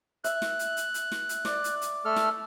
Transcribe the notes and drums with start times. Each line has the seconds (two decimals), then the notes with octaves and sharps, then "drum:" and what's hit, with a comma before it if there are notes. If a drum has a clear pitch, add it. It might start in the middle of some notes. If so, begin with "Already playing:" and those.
0.24 E5 F#6, drum: hi-hat
0.42 drum: snare
0.59 drum: hi-hat
0.77 drum: hi-hat
0.94 drum: hi-hat
1.12 drum: snare
1.29 drum: hi-hat
1.45 D5, drum: snare
1.64 drum: hi-hat
1.81 drum: hi-hat
2.05 A3 A4 F6
2.16 drum: snare